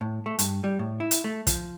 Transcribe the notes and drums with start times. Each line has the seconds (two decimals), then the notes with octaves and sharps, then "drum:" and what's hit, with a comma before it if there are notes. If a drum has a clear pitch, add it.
0.01 A2
0.26 A3
0.39 G2, drum: hi-hat
0.64 G3
0.79 A2
1.00 E4
1.11 drum: hi-hat
1.24 A3
1.47 F3, drum: kick, hi-hat